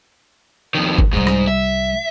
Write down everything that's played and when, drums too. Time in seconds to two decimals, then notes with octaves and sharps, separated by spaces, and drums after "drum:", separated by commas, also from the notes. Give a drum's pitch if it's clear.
0.75 F2 D#3
0.98 drum: kick G1
1.13 C2 G#2 G3
1.27 drum: rim click
1.47 E5